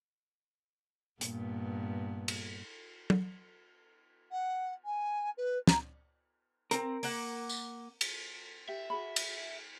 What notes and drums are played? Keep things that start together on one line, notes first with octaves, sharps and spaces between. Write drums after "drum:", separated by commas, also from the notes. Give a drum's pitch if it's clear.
G2 A#2 B3, drum: hi-hat
drum: cymbal
drum: tom
F#5
G#5
B4
A#5, drum: snare
C4 A#4, drum: hi-hat
A#3 F#5, drum: open hi-hat
drum: tambourine
drum: cymbal
G4 E5
F#4 G#4 B5
drum: cymbal